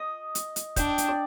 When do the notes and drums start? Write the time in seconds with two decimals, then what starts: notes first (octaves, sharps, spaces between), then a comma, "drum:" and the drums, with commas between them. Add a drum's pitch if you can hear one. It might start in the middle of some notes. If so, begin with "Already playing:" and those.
Already playing: D#5
0.35 drum: hi-hat
0.56 drum: hi-hat
0.76 D4 G5, drum: kick, hi-hat
0.98 drum: hi-hat
1.09 D5